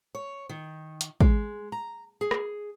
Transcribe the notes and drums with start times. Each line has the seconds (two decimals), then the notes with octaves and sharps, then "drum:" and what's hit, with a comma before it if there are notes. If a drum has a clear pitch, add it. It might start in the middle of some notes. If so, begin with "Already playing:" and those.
0.15 C#5
0.49 D#3
1.01 drum: hi-hat
1.21 G#3, drum: kick
1.72 A#5
2.21 G#4
2.31 drum: rim click